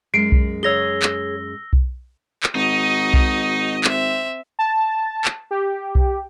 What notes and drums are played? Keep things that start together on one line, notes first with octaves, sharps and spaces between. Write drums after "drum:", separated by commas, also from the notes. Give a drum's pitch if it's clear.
F#2 G#3 C7 D7
drum: kick B1
G#4 C#5 E6 A#6 G7
drum: clap
drum: kick B1
drum: clap
G#1 D#4 F#4 D#5
drum: kick B1
C4 E5, drum: clap
A5
drum: clap
G4
drum: kick B1